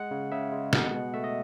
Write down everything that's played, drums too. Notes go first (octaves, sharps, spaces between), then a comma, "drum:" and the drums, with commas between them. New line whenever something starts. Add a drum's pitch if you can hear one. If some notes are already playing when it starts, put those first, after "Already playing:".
Already playing: G#3 F#5
C#3
C#3 E5
G#3
B2 F#5, drum: snare
B2
A3 E5
D#5